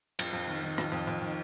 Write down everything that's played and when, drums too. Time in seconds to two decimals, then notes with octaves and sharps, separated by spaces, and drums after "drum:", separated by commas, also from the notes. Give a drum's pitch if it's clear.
0.19 F2, drum: cymbal
0.33 F2
0.48 D#3
0.63 D#3
0.78 F2, drum: rim click
0.92 F2
1.07 F2
1.21 D#3